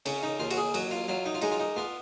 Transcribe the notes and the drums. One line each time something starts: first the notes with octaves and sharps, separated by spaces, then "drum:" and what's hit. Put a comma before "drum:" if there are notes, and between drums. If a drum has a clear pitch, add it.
C#3 C#4, drum: cymbal
D#4
D#2 F4
F#4, drum: cymbal
G#4
F#3 F#4, drum: cymbal
F4
F#3 F4
D#4
F4
G#3 D#4, drum: cymbal
F4
D#4
B3 F4